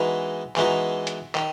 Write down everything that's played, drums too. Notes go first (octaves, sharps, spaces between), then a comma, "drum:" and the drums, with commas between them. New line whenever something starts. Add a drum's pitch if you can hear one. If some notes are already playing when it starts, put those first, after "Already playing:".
Already playing: E3 G#3 B3 D#4 F#4
E3 G#3 B3 D#4 F#4, drum: clap
drum: hi-hat
D#3, drum: clap